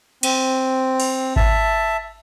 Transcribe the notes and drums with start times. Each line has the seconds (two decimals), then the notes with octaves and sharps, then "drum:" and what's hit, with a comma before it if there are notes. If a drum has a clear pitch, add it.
0.23 C4, drum: cymbal
1.00 drum: cymbal
1.36 E5 A5, drum: kick G#1